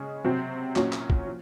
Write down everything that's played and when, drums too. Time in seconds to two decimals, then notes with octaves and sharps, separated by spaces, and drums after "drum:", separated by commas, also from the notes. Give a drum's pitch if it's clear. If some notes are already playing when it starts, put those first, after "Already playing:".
Already playing: C#3 G#3 C#4 G#4
0.24 C3 F#3 C4
0.76 A#2 F#3 C#4, drum: clap
0.93 drum: clap
1.10 drum: kick
1.26 F3